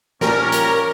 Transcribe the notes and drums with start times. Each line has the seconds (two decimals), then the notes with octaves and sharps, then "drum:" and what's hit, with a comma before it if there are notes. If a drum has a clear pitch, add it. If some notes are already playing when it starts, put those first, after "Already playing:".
0.21 A#2 F3 G3 A#3 C#4 G4 A#4, drum: snare
0.52 drum: hi-hat